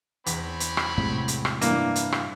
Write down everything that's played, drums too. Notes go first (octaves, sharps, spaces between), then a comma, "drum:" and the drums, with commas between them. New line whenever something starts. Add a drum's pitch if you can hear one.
E2 C4 C#5 B5 B6, drum: hi-hat
drum: hi-hat
drum: rim click
A2 C3 G#3
drum: hi-hat
drum: rim click
G2 E3 A#3 D4, drum: hi-hat
drum: hi-hat
drum: rim click